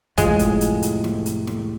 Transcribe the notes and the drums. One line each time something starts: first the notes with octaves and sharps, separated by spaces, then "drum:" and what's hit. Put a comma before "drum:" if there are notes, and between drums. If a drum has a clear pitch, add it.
C2 F2 A2 G#3 F4 G#4 D#5, drum: kick, hi-hat
drum: hi-hat
drum: hi-hat
drum: hi-hat
drum: snare
drum: hi-hat
drum: snare